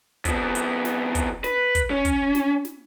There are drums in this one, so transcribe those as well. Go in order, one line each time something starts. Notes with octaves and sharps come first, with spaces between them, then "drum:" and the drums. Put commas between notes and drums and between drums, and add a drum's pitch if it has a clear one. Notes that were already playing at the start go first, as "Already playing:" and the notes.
F2 B3, drum: kick, hi-hat
drum: hi-hat
drum: snare
drum: kick, hi-hat
B4, drum: snare
drum: kick, hi-hat
C#4
drum: kick, hi-hat
drum: snare
drum: snare